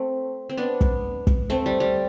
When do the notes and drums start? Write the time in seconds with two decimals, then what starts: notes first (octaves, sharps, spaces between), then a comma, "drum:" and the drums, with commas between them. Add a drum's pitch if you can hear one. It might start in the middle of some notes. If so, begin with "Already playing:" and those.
Already playing: A3 C4
0.49 C4
0.57 B3 D4
0.81 drum: kick
1.27 drum: kick
1.50 A3 C4
1.66 G3
1.80 G3